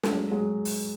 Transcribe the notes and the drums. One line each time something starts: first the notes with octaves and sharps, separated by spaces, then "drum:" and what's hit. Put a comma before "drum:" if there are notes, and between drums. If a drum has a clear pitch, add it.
A3, drum: snare
F#3 G#3
F#3 G#3
drum: open hi-hat